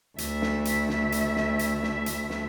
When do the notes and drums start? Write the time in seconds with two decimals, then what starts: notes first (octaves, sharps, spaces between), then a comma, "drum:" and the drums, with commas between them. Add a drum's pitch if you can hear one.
0.18 D2 E5, drum: hi-hat
0.42 drum: snare
0.65 drum: hi-hat
0.89 drum: snare
1.12 drum: hi-hat
1.36 drum: snare
1.59 drum: hi-hat
1.83 drum: snare
2.06 drum: hi-hat
2.30 drum: snare